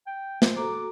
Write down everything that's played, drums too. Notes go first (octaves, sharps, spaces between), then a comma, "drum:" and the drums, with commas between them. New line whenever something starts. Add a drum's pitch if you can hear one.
G5
G#3 C5, drum: snare
F#4 A4 A#5 D6